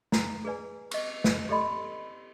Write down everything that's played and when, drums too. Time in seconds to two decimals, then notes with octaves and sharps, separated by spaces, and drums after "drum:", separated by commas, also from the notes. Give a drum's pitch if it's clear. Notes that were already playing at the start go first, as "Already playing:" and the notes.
0.12 A#5, drum: snare
0.45 G#4 B4 D5 G#5
0.91 D#5 C#6, drum: cymbal
1.24 drum: snare
1.49 G4 A4 D5 D#5 B5 C6